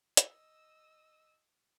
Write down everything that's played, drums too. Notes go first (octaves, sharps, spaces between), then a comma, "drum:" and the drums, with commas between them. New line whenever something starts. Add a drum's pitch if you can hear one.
D#5 E6, drum: hi-hat